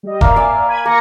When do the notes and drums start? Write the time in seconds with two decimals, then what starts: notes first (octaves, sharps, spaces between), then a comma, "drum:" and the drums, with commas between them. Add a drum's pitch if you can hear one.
0.03 G3 G4 D#5
0.21 A#3 D5 E5 F5, drum: kick E1
0.36 G#5 D6
0.68 B5 G#6 D#7
0.85 A#3 G#6 A#6 C#7